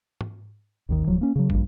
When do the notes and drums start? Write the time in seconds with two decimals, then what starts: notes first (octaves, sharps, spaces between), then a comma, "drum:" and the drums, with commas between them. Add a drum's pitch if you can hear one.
0.21 drum: tom
0.89 G#1 D#2 D#3
1.07 D1 F3 F#3
1.21 A#3 C#4
1.36 C#3 F#3
1.50 A#1 G2, drum: kick